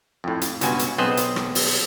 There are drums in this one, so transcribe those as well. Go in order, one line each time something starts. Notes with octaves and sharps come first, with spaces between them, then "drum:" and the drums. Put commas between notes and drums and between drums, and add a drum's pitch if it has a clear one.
F2 A2
drum: hi-hat
C#2 G2 B2 F#4 G#5, drum: hi-hat
drum: hi-hat
B1 B3 C4 G#4 C5 D#5
drum: hi-hat
drum: rim click
drum: open hi-hat